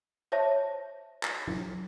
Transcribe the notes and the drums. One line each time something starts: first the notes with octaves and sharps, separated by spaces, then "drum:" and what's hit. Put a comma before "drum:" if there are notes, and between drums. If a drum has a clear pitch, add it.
C5 C#5 E5 A5 A#6
drum: clap
drum: tom